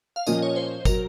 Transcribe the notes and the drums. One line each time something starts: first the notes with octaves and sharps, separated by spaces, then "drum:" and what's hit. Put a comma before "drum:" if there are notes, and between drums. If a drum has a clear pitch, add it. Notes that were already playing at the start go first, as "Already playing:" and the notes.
F5
A#2 F3 A#3 C#4 D#5, drum: tambourine
C#5
C5
F#3 A#4, drum: kick, tambourine